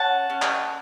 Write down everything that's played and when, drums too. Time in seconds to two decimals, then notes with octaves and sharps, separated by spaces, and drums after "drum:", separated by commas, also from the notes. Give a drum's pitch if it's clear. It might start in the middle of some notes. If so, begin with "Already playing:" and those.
Already playing: C#4 F#5 A5
0.30 C#4
0.42 drum: clap